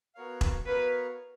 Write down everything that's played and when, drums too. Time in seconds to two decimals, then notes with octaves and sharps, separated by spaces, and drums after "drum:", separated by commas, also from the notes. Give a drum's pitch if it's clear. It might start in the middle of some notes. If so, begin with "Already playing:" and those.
0.15 B3 F#4 A#4 C#5 F5
0.41 drum: kick E1
0.66 B3 F#4 A#4 B4 C#5 F5